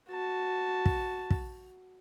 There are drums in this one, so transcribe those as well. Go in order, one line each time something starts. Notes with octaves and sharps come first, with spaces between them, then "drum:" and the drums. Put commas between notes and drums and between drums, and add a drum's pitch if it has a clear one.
F#4 A5
drum: kick
drum: kick